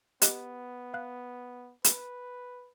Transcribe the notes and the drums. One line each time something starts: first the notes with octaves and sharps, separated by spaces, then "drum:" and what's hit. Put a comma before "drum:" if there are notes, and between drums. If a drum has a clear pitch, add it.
B3 G4 D#5 F#6, drum: hi-hat
F5 F#6
B4, drum: hi-hat